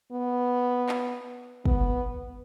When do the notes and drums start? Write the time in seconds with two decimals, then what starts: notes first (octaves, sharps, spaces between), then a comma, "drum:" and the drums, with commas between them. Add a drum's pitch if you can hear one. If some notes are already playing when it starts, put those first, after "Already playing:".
0.12 B3
0.89 drum: clap
1.65 B3, drum: kick